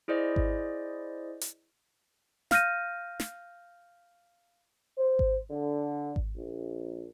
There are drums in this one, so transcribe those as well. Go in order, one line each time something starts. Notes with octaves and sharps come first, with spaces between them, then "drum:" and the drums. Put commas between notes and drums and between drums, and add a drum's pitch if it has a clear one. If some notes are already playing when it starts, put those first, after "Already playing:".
E4 G#4 C5 D5 D#5
drum: kick G#1
drum: hi-hat
F5 F6 G6 A#6 D#7, drum: snare
drum: snare
C5
drum: kick G#1
D3
drum: kick G#1
A#1